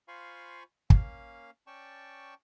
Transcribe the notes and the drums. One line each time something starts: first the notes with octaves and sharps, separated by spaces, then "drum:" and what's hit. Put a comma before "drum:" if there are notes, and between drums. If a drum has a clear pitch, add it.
F4 C5 F5 G#5 B5 C#6
A#3 C#4 F5, drum: kick
C#4 D5 G5 A5 C#6